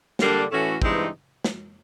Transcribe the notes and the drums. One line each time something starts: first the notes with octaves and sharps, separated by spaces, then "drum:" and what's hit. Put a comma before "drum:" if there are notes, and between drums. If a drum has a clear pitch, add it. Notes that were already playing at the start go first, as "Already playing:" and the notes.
D3 G3 A#3 D4, drum: snare
A2 E3 A3 C#4 F#4
G2 E3 G#3 C4 D#4, drum: kick
drum: snare